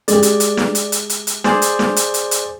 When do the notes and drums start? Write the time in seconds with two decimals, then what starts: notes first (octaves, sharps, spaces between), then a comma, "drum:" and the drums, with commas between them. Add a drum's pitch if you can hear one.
0.08 G#3 G4 D5, drum: hi-hat
0.23 drum: hi-hat
0.40 drum: hi-hat
0.57 drum: snare
0.75 drum: hi-hat
0.92 drum: hi-hat
1.09 drum: hi-hat
1.27 drum: hi-hat
1.44 G#4 C5 D5, drum: snare
1.62 drum: hi-hat
1.79 drum: snare
1.96 drum: hi-hat
2.14 drum: hi-hat
2.31 drum: hi-hat